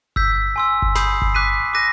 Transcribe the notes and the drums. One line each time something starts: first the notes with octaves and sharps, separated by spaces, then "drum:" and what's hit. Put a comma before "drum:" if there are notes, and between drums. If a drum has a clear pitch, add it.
E6 G6 B6, drum: kick G1
G#5 C6 E6
drum: kick G1
B5 D#6 G6 C7, drum: snare
drum: kick G1
D6 F#6 B6 D#7
D6 F#6 A#6 D#7